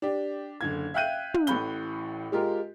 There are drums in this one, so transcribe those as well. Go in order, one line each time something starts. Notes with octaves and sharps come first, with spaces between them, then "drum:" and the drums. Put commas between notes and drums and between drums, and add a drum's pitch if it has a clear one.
D4 G4
F#1 D3 G#6
E5 F5 G5 F#6 G6 D#7
drum: tom
A1 A2 E3 B5 G6 G7, drum: hi-hat
G#3 F4 G4 A#4